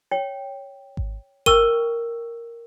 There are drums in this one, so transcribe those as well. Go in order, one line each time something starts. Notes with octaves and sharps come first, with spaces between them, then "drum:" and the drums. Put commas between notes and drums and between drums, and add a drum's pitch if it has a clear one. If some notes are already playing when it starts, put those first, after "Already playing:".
C#5 G5
drum: kick G#1
A#4 G5 C#6 E6 D#7, drum: kick G#1